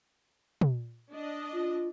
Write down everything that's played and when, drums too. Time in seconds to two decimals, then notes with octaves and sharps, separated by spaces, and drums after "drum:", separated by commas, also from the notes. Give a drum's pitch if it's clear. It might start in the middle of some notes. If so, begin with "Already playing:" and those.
0.61 drum: tom
1.12 D4 D#5
1.53 F4